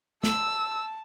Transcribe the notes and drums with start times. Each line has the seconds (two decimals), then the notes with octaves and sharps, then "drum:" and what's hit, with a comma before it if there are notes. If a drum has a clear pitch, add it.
0.24 A5 E6, drum: snare